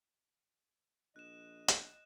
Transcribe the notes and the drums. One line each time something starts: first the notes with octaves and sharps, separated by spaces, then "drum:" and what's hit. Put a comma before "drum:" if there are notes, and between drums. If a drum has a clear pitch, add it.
A#1 D#5 F#6 E7
drum: hi-hat